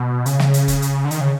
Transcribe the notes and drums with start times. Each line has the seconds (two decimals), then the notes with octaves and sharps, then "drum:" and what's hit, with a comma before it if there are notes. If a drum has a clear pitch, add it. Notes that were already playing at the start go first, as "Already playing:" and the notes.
Already playing: B2
0.26 C#3, drum: hi-hat
0.39 drum: snare
0.54 drum: hi-hat
0.68 drum: kick E1, hi-hat
0.82 drum: hi-hat
1.05 D3
1.11 D#3, drum: hi-hat
1.21 C#3